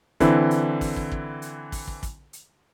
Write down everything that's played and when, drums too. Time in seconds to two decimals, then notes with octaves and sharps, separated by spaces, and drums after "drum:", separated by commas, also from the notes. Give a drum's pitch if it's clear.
0.20 D3 E3 C4 E4, drum: kick, hi-hat
0.51 drum: hi-hat
0.81 drum: kick, open hi-hat
0.96 drum: kick
1.12 drum: kick
1.42 drum: hi-hat
1.72 drum: kick, open hi-hat
1.87 drum: kick
2.03 drum: kick, hi-hat
2.33 drum: hi-hat